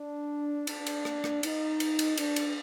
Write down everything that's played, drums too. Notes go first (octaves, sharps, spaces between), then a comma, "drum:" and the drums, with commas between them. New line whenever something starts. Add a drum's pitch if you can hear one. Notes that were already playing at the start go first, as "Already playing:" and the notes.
Already playing: D4
D4, drum: cymbal
drum: cymbal
drum: rim click
drum: rim click
D#4, drum: cymbal
drum: cymbal
drum: cymbal
D4, drum: cymbal
drum: cymbal